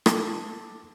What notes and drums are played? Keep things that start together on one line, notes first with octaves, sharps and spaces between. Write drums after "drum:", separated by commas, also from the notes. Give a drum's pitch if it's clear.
A4 A5 D6, drum: rim click